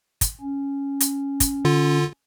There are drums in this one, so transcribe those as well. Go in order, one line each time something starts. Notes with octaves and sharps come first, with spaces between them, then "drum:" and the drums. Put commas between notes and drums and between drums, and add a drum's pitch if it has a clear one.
drum: kick, hi-hat
C#4
drum: hi-hat
drum: kick, hi-hat
D3 F4